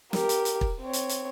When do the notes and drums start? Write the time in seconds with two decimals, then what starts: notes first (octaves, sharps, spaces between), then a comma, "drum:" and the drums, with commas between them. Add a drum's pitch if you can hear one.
0.13 G4 A#4, drum: snare
0.29 drum: hi-hat
0.45 drum: hi-hat
0.61 drum: kick
0.81 C4 C#5
0.93 drum: hi-hat
1.09 drum: hi-hat